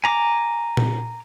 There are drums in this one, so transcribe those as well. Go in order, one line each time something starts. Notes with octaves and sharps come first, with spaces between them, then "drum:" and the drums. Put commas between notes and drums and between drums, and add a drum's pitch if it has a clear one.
G#5 A#5 D6
drum: tom A#2